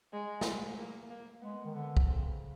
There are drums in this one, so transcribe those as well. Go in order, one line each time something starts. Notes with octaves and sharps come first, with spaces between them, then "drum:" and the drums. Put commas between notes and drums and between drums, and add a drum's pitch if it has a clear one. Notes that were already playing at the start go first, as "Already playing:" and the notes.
G#3
drum: snare
A#3
A#3
G#3 B3
D#3
D3 B3
drum: kick
C#3 C4